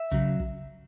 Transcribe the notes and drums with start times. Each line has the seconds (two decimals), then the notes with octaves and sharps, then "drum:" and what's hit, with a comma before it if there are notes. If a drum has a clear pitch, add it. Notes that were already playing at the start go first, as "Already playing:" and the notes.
Already playing: E5
0.12 C#3 F#3, drum: kick
0.40 drum: kick